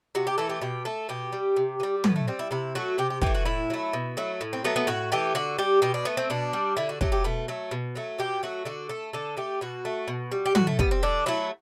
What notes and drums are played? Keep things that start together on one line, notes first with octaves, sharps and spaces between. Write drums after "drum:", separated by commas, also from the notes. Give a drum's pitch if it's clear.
C3 F#4
G4
E3 A3 A4
G4
B2 G4
A3 A4
B2 G4
G3
C3
E3
G3
A2 B3, drum: tom
A3
G3 C4
E4
C3 E4
F#3 A3 F#4
C3 G4
G4
E3 A3 G4, drum: kick
F#4
A2 E4
F#3 A3
B2
F#3 A3
A2
C4
F#3 A3 B3
B3
A2 F#4
E3 A3 G4
D3 F#4
G3 G4
B2 G4
D4
A3 B3
C4
B2 D4
G3
D3 E4
F#4
F#3 A3 G4, drum: kick
G4
B2 A3
F#3 A3
B2
F#3 A3
B2 G4
F#3 A3 F#4
D3 F#4
A3 A4
D3 A4
A3 G4
B2 F#4
A3
B2
G3
G4
A2 F#4, drum: tom
A3
G3 B3, drum: kick
C4
D3 D4
F#3 A3 E4